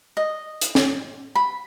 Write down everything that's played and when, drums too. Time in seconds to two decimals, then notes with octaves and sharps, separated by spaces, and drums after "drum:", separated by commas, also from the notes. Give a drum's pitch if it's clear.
0.17 D#5
0.61 drum: hi-hat
0.75 drum: snare C#4
1.35 B5